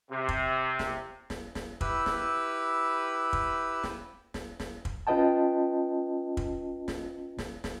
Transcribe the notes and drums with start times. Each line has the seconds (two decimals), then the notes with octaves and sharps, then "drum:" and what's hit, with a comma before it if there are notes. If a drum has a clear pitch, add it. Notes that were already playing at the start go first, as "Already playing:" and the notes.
0.11 C3
0.29 drum: kick
0.79 drum: snare
1.30 drum: snare
1.55 drum: snare
1.81 E4 G4 B4 E6, drum: kick
2.06 drum: snare
3.33 drum: kick
3.84 drum: snare
4.34 drum: snare
4.60 drum: snare
4.85 drum: kick
5.07 C#4 F4 B4 D#5 G5 A5
6.37 drum: kick
6.88 drum: snare
7.38 drum: snare
7.64 drum: snare